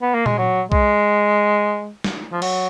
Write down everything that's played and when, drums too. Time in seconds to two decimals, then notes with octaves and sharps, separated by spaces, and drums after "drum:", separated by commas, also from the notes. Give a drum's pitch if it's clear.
0.02 B3
0.14 A#3
0.26 G#3, drum: tom A#2
0.38 F#3
0.72 G#3, drum: kick B1
2.04 drum: snare
2.32 F3
2.42 F#3, drum: cymbal